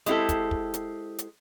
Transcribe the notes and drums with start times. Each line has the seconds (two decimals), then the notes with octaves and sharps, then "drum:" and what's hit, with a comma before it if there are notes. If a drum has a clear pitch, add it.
0.06 G#3 C4 E4 G4 A4, drum: hi-hat
0.29 drum: kick, hi-hat
0.51 drum: kick
0.74 drum: hi-hat
1.18 drum: hi-hat